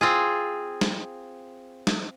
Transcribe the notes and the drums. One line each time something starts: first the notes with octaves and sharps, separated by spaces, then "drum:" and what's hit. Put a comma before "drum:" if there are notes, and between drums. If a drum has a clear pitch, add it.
C4 F4 G#4
drum: snare
drum: snare